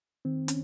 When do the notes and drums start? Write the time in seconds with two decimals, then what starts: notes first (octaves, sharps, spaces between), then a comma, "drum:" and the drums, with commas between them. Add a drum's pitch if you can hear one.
0.25 D#3 C4
0.48 C#4, drum: hi-hat